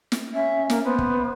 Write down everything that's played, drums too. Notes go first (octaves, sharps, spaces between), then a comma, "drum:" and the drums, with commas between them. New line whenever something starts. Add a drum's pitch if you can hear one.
drum: snare
C#4 E5
A#3, drum: snare
B3 C5
drum: kick